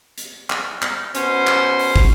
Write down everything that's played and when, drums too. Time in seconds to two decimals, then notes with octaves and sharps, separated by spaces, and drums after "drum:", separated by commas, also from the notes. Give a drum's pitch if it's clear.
0.18 drum: hi-hat
0.50 drum: clap
0.82 drum: clap
1.15 B2 C#4 C5, drum: hi-hat
1.47 drum: clap
1.79 drum: open hi-hat
1.96 drum: kick